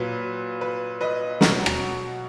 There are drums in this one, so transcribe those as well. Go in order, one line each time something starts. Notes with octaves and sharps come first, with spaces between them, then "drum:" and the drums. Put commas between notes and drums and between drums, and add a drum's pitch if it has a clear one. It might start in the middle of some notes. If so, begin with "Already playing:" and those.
Already playing: A#2 F#3 B4
B4
B4 D#5
B2 F#3 F#5 A#5, drum: snare
drum: rim click